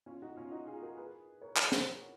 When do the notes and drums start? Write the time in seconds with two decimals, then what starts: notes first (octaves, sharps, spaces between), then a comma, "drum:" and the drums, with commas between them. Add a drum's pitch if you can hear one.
0.06 C#4 F4
0.22 D#4 F#4
0.37 C#4 F4
0.51 D#4 F#4
0.67 F4 G#4
0.82 F#4 A#4
0.97 G#4 B4
1.41 A#4 C#5
1.57 G#4 B4, drum: clap
1.72 F#4 A#4, drum: snare